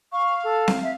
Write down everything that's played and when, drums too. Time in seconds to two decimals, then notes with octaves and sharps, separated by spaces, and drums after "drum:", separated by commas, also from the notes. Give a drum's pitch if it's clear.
0.12 F5 C#6
0.44 A4
0.68 drum: snare C4
0.83 E5